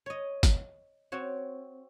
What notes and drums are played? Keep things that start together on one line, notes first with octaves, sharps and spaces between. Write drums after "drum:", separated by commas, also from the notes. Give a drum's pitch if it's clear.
C#5 D#5
drum: kick, hi-hat
C4 F#4 C#5